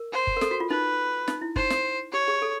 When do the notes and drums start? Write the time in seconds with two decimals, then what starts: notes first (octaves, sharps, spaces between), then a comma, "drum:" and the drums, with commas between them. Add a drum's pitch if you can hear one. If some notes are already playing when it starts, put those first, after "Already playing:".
Already playing: A#4
0.13 C5
0.27 drum: kick F#1
0.37 A#4
0.41 A4, drum: snare
0.51 F#4
0.60 F4
0.70 D#4 B4
1.28 D#4, drum: snare
1.41 E4
1.56 D#4 C5, drum: kick F#1
1.70 drum: snare
2.13 G4 C#5
2.28 G#4
2.42 A4